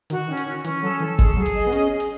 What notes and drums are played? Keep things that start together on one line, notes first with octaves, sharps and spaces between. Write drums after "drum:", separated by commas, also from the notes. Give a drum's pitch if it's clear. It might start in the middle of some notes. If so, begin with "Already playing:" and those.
D#3 F#4, drum: hi-hat
D#3 C#4
drum: hi-hat
D#3 C#4
E3 C#4, drum: hi-hat
F#3 A4
E3 A4
G#3 G#4, drum: kick G1, hi-hat
F#3 G#4
drum: hi-hat
D#5
B3
C#4 G#4, drum: hi-hat
G#4
drum: hi-hat